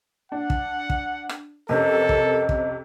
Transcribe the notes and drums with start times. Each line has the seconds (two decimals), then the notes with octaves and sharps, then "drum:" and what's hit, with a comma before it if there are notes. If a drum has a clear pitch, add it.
0.32 D4 F#5
0.50 drum: kick
0.90 drum: kick
1.29 drum: rim click
1.69 F2 C3 C#4 A4 A#4 D#5
2.09 drum: kick
2.49 drum: kick